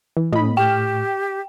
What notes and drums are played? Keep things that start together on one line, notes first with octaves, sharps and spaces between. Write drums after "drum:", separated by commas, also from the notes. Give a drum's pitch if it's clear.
E3
A2 D#5 B5, drum: tom
G4 G5 F6